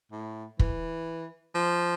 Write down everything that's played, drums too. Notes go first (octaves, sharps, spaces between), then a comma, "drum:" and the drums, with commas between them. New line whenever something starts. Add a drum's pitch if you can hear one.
A2
E3, drum: kick
F3